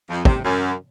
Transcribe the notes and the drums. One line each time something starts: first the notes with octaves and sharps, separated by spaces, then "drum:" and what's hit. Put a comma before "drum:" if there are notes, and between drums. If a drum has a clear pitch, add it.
F2
C3, drum: kick
F#2